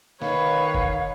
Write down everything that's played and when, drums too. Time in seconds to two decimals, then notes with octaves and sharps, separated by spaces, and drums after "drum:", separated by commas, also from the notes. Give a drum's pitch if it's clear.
0.22 D#3 B4 C#5 F5, drum: snare
0.75 drum: kick F#1